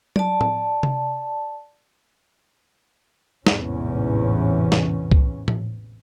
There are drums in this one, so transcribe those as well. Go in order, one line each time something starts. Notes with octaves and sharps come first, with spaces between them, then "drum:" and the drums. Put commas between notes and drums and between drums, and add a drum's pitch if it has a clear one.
D5 A5, drum: tom F#3
drum: tom
drum: tom C3
A1 E2 G#2 C3 E3 C#4, drum: snare
drum: snare
drum: kick
drum: tom A2